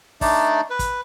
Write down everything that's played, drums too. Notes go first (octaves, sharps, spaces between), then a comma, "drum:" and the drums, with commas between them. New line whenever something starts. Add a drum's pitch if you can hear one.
A3 D4 D#4 D5, drum: kick, open hi-hat
B4
drum: kick, hi-hat